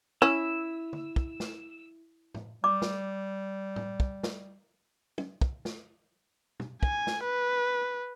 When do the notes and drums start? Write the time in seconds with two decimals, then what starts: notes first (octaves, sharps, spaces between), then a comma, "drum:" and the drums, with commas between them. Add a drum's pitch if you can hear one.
0.22 C#4 E4 E6
0.93 drum: tom
1.16 drum: kick
1.40 drum: snare
2.34 drum: tom A2
2.64 G3 D6
2.82 drum: snare
3.76 drum: tom A2
4.00 drum: kick
4.23 drum: snare
5.18 drum: tom
5.41 drum: kick
5.65 drum: snare
6.60 drum: tom
6.83 G#5, drum: kick
7.07 drum: snare
7.25 B4